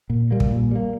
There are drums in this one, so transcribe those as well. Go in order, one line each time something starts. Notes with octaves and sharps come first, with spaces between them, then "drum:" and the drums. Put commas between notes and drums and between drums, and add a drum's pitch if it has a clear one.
A#2
G3 A#3
drum: kick
A#2
G3 A#3